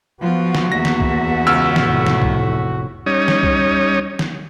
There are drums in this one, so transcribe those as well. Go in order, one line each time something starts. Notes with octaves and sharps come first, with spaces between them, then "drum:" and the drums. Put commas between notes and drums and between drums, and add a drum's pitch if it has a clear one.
F3 B3 F4 F#4
drum: snare
E2 A#3 E5 A#6
drum: snare
drum: kick
C#2 E6 F6
F1 A2, drum: snare
drum: snare
drum: kick
G3 C#4 D#4 C#5 D#6
drum: snare
drum: kick
drum: snare